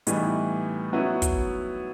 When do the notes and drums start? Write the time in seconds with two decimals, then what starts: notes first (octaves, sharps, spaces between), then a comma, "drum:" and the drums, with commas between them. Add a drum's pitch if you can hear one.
0.07 A2 E3 G3 B3 D#4, drum: hi-hat
0.93 F#3 B3 E4
1.22 drum: kick, hi-hat